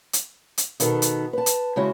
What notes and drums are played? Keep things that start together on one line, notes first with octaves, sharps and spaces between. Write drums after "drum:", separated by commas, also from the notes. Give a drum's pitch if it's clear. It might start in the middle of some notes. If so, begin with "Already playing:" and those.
drum: hi-hat
drum: hi-hat
B2 D#3 B3 A4, drum: hi-hat
drum: hi-hat
B4 A5
drum: hi-hat
C#3 G#3 E4 F#4